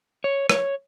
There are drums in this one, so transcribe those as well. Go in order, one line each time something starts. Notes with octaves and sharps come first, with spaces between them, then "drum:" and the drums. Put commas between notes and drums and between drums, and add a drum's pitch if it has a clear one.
C#5
C#5, drum: rim click